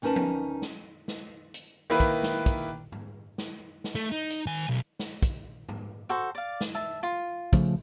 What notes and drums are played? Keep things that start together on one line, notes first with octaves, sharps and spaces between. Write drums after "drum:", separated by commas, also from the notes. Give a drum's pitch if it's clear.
D2 C#4 D#4 A#4 B4 A5
drum: tom F3
drum: snare
drum: snare
drum: hi-hat
D#3 A#3 E4 B4
drum: kick, hi-hat
drum: snare
drum: kick, hi-hat
drum: tom
drum: snare
drum: snare
A3
D#4
drum: hi-hat
D#3 G#5
B1
drum: snare
drum: kick, hi-hat
drum: tom
F#4 A4 C5
D5 F5
drum: snare
E5 A5
F4
C#3 F3 A3, drum: kick, hi-hat